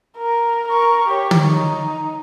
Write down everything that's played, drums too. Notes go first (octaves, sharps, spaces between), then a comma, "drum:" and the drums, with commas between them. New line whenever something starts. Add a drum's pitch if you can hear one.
A#4
A#4 C#6
G4 C#5
drum: tom
D#4